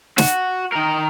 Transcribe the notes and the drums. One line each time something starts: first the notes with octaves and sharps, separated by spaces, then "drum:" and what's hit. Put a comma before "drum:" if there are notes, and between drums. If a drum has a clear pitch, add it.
F#4, drum: snare
D#3 A#4